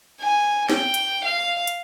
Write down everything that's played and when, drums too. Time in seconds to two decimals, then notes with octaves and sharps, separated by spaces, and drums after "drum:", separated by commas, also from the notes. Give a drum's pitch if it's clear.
0.21 G#5
0.69 G5, drum: snare
0.94 drum: hi-hat
1.25 F5
1.67 drum: hi-hat